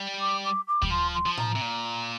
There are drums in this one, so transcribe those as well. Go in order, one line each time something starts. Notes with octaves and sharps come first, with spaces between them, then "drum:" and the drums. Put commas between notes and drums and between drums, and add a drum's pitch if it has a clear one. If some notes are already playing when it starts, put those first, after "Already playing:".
Already playing: G3
D6
D6
D6
G3, drum: kick D2
F3 C6
C6
F3
A#5, drum: tom A2
C3
A#2